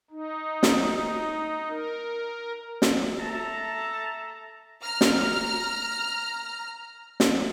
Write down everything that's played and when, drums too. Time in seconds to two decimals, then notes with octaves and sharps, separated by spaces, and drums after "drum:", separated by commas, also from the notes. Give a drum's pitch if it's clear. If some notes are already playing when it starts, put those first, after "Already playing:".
0.10 D#4
0.63 drum: snare
1.70 A#4
2.82 drum: snare
3.20 A4 E5 A5 A#5
4.83 A#5 F6
5.01 drum: snare
7.20 drum: snare